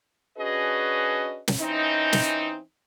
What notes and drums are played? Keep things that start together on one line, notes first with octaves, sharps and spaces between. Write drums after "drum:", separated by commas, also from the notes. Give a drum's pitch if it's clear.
C#4 D4 F#4 G#4 B4 D#5
drum: snare
E3 C4 C#4 D#4
drum: snare